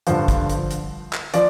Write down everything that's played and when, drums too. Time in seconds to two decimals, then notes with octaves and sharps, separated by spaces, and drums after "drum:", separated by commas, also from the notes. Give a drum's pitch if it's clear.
0.07 G2 D3 F3 C5, drum: hi-hat
0.28 drum: kick, hi-hat
0.49 drum: hi-hat
0.71 drum: hi-hat
1.13 drum: clap
1.34 F3 D5, drum: hi-hat